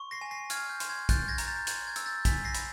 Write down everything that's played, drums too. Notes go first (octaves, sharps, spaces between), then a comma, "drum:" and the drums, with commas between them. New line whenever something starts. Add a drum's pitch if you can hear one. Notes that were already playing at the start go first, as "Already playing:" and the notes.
Already playing: C6 C#6
A#6 C7
G#5
A#6 C7
F6 G#6, drum: hi-hat
G6
C6, drum: hi-hat
G#6
F#6 G6 A6, drum: kick A#1, hi-hat
G#6 A#6
A#5, drum: hi-hat
G6 A6
C6 G#6, drum: hi-hat
G#6
E6, drum: hi-hat
G6 A6
G#5 A6 B6, drum: kick A#1, hi-hat
A#6 C7
B5, drum: hi-hat